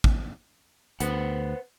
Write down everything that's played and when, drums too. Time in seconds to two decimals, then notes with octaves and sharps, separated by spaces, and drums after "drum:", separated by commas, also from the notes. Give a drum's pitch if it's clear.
0.04 drum: kick
1.00 D2 B4 C5 F#5, drum: hi-hat